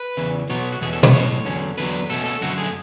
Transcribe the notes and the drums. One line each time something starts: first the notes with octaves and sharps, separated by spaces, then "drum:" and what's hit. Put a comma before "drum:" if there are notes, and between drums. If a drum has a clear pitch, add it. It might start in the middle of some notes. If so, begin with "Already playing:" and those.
Already playing: B4
E2 C#3 E3
B1 B2 F#3 B3 C#5
F#4
E2 B2 A3 C#4 G#4
A4
B4, drum: tom
B1 A2 G#3 C#5
E2 D3 F#3 C#4
E2 D3 F#3 B4
B2 A3 C#4 A4
A4
F#2 D3 A3 F#4
G#4